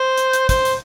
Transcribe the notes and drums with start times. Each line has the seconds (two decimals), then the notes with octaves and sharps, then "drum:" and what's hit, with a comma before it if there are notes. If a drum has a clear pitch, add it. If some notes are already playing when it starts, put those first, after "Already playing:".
Already playing: C5
0.17 drum: hi-hat
0.33 drum: hi-hat
0.49 C5, drum: kick, hi-hat
0.65 drum: hi-hat